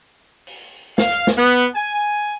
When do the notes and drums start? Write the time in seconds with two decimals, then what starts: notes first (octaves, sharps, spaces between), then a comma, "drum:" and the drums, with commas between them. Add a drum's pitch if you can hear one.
0.47 drum: open hi-hat
0.98 F5, drum: snare
1.12 drum: hi-hat
1.27 drum: snare
1.38 B3
1.76 G#5